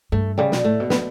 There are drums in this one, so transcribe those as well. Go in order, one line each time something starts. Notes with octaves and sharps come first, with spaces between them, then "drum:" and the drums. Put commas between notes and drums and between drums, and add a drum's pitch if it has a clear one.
G2 A3
C#3 G3
B2, drum: snare
A2 A3
B2
B3, drum: snare